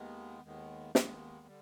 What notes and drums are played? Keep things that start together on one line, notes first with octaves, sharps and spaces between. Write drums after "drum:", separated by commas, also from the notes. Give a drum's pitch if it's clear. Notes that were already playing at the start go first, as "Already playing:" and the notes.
Already playing: D#2 D#3 G#3 B3
D#2 D#3 G#3 B3
D#2 D#3 G#3 B3, drum: snare
D3 G3